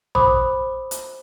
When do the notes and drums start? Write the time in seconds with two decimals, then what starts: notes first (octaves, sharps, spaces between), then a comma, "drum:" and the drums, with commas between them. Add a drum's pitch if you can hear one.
0.15 C5 B5 D6 D#6, drum: tom A#1
0.91 drum: hi-hat